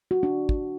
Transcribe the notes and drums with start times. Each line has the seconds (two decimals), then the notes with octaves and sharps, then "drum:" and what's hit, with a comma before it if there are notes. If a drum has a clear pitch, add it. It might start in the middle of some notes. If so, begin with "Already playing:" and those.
0.11 F#4
0.23 D4
0.49 drum: kick